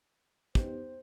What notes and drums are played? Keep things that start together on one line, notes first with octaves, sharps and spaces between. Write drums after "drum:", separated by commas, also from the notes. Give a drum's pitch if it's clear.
B3 D#4 G4 C5, drum: kick